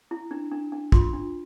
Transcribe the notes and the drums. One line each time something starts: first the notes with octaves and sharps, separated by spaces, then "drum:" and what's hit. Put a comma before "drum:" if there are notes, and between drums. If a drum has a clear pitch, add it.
E4
D4
D4
D4
F4 C6, drum: kick
D4